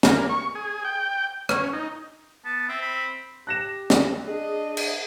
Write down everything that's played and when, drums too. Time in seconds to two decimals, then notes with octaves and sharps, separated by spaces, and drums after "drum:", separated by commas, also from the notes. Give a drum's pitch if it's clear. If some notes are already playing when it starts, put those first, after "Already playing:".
0.03 A#3, drum: snare
0.30 C#6
0.55 G#4
0.85 G5
1.49 C#4, drum: rim click
1.73 D#4
2.45 B3 A5
2.69 C4 E5
2.82 B5
3.47 G4 F#6 A#6 E7
3.90 drum: snare
4.27 D4 G#4 D#5
4.77 drum: cymbal